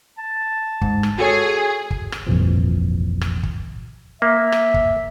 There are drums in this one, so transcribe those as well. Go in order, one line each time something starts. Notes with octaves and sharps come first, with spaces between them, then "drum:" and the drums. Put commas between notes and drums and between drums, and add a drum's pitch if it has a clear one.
A5
G#2, drum: kick
drum: rim click
F#4 G#4 A4 C#5
drum: kick
drum: rim click
G1 C2 F2 A#2 E3 F3
drum: rim click
drum: kick
A#3 E5
drum: rim click
drum: kick